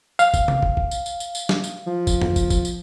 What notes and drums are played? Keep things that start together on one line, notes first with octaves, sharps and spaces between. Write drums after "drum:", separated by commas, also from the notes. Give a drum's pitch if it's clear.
F5, drum: tambourine
drum: kick, tambourine
drum: tom C3
drum: kick
drum: kick
drum: tambourine
drum: tambourine
drum: tambourine
drum: tambourine
drum: snare
drum: tambourine
F3
drum: kick, tambourine
drum: tom F2
drum: kick, tambourine
drum: kick, tambourine
drum: tambourine